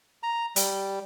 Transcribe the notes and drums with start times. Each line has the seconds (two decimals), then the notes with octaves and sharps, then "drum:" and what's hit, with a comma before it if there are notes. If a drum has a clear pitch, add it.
0.23 A#5
0.56 G3, drum: hi-hat